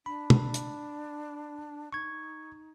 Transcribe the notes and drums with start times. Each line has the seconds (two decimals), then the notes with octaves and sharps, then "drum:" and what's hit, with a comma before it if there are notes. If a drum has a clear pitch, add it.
0.06 D4 B5
0.30 drum: tom
0.54 drum: hi-hat
1.93 D#4 C#6 G#6